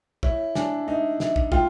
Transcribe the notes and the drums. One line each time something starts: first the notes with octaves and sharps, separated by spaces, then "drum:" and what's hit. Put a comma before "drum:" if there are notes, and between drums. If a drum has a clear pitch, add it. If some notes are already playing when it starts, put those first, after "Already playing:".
E4 C#5, drum: kick
D4 G#5, drum: snare
D#4 E5
E5, drum: snare
drum: kick
F4 G5, drum: kick